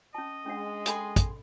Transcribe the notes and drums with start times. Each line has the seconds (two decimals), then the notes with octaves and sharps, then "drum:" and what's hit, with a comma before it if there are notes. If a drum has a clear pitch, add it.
0.15 C#4 D#5 A5
0.46 G#3 C#4 D4 F#5
0.86 G#4 A4 G5 B5 C6, drum: hi-hat
1.16 drum: kick, hi-hat